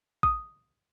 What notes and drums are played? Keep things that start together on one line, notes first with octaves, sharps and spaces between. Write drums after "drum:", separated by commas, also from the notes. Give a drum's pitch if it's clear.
D#6, drum: kick A1